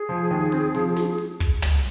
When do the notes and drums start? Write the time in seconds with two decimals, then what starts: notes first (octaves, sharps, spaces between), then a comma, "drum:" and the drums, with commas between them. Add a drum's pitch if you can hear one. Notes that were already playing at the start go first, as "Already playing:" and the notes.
Already playing: G#4
0.09 F3
0.31 D#2
0.52 C4, drum: hi-hat
0.75 F3, drum: hi-hat
0.96 drum: snare
1.18 drum: hi-hat
1.40 drum: kick, hi-hat
1.62 drum: tom